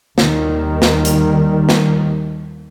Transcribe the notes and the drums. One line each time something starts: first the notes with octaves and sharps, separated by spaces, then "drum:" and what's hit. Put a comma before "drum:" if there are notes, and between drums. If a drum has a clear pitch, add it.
D#2 D#3 G3, drum: snare
drum: snare
drum: hi-hat
drum: snare